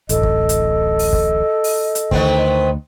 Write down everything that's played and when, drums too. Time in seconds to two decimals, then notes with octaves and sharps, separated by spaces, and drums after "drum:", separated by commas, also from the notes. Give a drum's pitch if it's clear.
0.09 D1 A1 A4 D#5, drum: hi-hat
0.23 drum: kick
0.49 drum: hi-hat
0.99 drum: open hi-hat
1.13 drum: kick
1.64 drum: open hi-hat
1.95 drum: hi-hat
2.11 D2 D#3 B3 C4, drum: kick